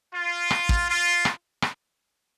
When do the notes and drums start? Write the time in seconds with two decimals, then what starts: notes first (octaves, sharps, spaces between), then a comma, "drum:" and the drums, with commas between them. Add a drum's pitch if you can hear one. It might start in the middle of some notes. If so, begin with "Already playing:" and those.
0.13 F4
0.50 drum: rim click
0.69 drum: kick
0.88 F4
1.25 drum: rim click
1.62 drum: rim click